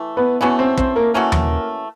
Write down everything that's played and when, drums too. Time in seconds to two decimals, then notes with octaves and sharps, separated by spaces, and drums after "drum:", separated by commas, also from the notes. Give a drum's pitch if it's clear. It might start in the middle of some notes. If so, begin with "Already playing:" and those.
Already playing: E3 A3
0.17 B3 B4
0.41 E3 A3 B3 C#4 F#4 B4
0.59 C4 C5
0.78 C4 C5, drum: kick
0.96 A#3 A#4
1.14 E3 A3 A#3 C#4 F#4 A#4
1.32 drum: tom D#2